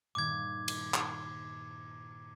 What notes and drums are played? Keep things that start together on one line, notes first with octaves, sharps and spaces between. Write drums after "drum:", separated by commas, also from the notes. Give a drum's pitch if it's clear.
G2 A#2 D#3 D6 G#6
drum: cymbal
drum: clap